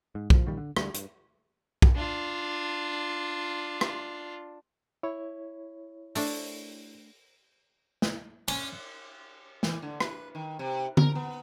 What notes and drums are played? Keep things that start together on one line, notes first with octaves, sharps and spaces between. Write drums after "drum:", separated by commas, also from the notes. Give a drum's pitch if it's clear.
G#2
A#1 F3, drum: kick
A#2 D#3 F3 G3
D3
D2 G3, drum: rim click
G2, drum: hi-hat
drum: kick
D4 F4
drum: rim click
E4 C#5
A3 D4, drum: open hi-hat
drum: snare
C#4, drum: cymbal
E3, drum: snare
D3
B4, drum: rim click
D#3
C3
A#4, drum: tom D3
B3